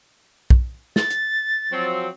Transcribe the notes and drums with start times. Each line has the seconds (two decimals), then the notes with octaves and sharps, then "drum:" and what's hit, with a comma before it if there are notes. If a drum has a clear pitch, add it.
0.50 drum: kick
0.96 A6, drum: snare
1.10 drum: hi-hat
1.71 F3 F#3 C4